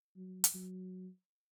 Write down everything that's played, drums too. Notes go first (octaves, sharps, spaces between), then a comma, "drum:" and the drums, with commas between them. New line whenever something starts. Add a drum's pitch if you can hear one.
F#3
drum: hi-hat
F#3